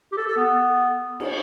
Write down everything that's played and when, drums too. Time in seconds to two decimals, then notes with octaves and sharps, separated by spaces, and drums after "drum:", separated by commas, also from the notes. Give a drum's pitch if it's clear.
0.12 G4
0.17 A4
0.27 A4
0.37 B3
1.20 drum: cymbal